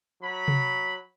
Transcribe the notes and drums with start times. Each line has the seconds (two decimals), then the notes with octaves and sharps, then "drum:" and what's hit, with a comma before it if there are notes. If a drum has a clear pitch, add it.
0.23 F#3 B5
0.48 drum: tom C3